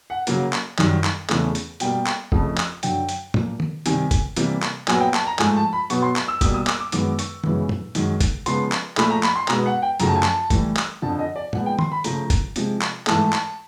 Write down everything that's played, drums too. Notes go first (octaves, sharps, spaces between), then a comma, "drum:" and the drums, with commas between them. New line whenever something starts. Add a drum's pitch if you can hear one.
F#5
C#3 F#3 A#3, drum: hi-hat
drum: clap
F#2 D#3 G3, drum: clap
drum: clap
E2 C#3 E3 A3, drum: clap
drum: hi-hat
B2 G3 A#3 G5, drum: hi-hat
drum: clap
F2 C#3 F3 A3, drum: kick
drum: clap
F#2 D3 F#3 G5, drum: hi-hat
drum: hi-hat
A#2 F3 A#3, drum: tom
drum: tom
C3 D#3 G3 G#5, drum: hi-hat
drum: kick, hi-hat
C3 E3 G3 A#3, drum: hi-hat
drum: clap
A#2 F#3 B3 G#5, drum: clap
G5
A5, drum: clap
A#5
G#2 F3 A3 G#5, drum: clap
A5
B5
B2 F#3 B3 C#6, drum: hi-hat
C6
C#6, drum: clap
E6
B2 G3 A#3 D#6, drum: kick, hi-hat
D#6
D6, drum: clap
D6
F#2 D#3 G#3 B3 D6, drum: hi-hat
C#6, drum: hi-hat
F#2 C#3 E3 G#3 B3, drum: tom
drum: tom
F#2 D#3 G#3, drum: hi-hat
drum: kick, hi-hat
C#3 F3 G#3 B3 C6, drum: hi-hat
drum: clap
A#2 F3 A3 B5, drum: clap
A#5
B5, drum: clap
C6
B2 G#3 B3 A#5, drum: clap
F#5
G5
F#2 C#3 F3 A3 A#5, drum: hi-hat
A5
G#5
A5, drum: clap
A2 E3 G3, drum: kick, hi-hat
drum: clap
F2 D3 F3 A5
D#5
D5
A#2 F3 G#3 B3 F#5, drum: tom
G5
C6, drum: tom
B5
C#3 F3 A3 A#5, drum: hi-hat
drum: kick, hi-hat
C3 F3 G#3, drum: hi-hat
drum: clap
G#2 E3 A3 A5, drum: clap
drum: clap